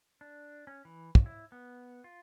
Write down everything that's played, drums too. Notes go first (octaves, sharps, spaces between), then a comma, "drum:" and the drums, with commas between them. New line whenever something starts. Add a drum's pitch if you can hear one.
D4
C#4
E3
drum: kick
E4
B3
F4